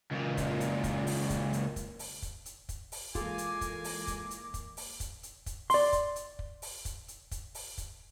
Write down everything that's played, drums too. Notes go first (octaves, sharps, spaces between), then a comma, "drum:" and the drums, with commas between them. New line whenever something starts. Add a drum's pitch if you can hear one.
C#2 A#2
drum: kick, hi-hat
drum: hi-hat
drum: kick, hi-hat
drum: open hi-hat
drum: kick, hi-hat
drum: hi-hat
drum: kick, hi-hat
drum: open hi-hat
drum: kick, hi-hat
drum: hi-hat
drum: kick, hi-hat
drum: open hi-hat
E3 G#3 A#3 F4 G#4 A4 G#5 D6, drum: kick, hi-hat
drum: hi-hat
drum: kick, hi-hat
drum: open hi-hat
drum: kick, hi-hat
drum: hi-hat
drum: kick, hi-hat
drum: open hi-hat
drum: kick, hi-hat
drum: hi-hat
drum: kick, hi-hat
D5 C6, drum: open hi-hat
drum: kick, hi-hat
drum: hi-hat
drum: kick
drum: open hi-hat
drum: kick, hi-hat
drum: hi-hat
drum: kick, hi-hat
drum: open hi-hat
drum: kick, hi-hat